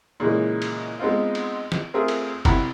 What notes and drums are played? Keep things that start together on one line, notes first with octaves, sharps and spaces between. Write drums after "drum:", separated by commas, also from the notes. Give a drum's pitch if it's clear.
A#2 C#3 E3 G#3
drum: cymbal
G#3 B3 C4 D#4 F4
drum: cymbal
drum: snare
A3 C4 F4 G#4 A#4 E5
drum: cymbal
C2 E4 F#5 A#5 B5, drum: kick, cymbal